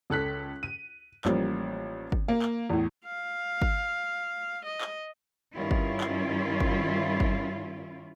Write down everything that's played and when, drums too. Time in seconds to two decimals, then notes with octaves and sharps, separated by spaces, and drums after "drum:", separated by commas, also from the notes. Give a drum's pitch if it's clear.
0.10 C#2 A4 F#6 B6
0.63 D#7
1.25 A1 F3 G3 A#3, drum: clap
2.12 drum: kick G1
2.28 A#3
2.42 drum: clap
2.70 E2 A2
3.05 F5
3.62 drum: kick G1
4.66 D#5
4.81 drum: clap
5.54 G2 D#3 C#4 E4 F4
5.71 drum: kick G1
6.01 drum: clap
6.60 drum: kick G1
7.20 drum: kick G1